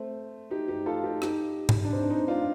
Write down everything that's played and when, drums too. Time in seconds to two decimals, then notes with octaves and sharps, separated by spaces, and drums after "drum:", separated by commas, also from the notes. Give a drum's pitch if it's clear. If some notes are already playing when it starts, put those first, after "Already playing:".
Already playing: A3 C4
0.51 D#4 G4
0.68 D#4 G4
0.86 F4 A4
1.04 D#4 G4
1.22 D#4 G4, drum: rim click
1.69 drum: tom G#2
1.85 D4
1.92 C4 D#4
2.03 D4
2.10 C4 D#4
2.28 D4 F4